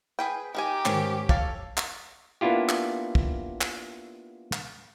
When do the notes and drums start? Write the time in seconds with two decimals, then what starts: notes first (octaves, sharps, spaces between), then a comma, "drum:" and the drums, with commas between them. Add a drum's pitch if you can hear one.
0.19 G#4 B4 G5
0.55 D#3 D#4 G4 G#5
0.85 G#2 D#3 C#4 A#4, drum: clap
1.29 A4 C#5 F5 A6, drum: kick
1.77 drum: clap
2.41 A#3 B3 D4 E4 F4 G4
2.69 drum: clap
3.15 drum: kick
3.61 drum: clap
4.53 drum: clap